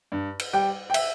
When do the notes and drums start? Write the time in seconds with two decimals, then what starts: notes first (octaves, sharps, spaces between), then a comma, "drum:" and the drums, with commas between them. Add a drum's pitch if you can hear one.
0.12 G2
0.39 drum: cymbal
0.53 G3 G5
0.90 G5
0.94 E5, drum: cymbal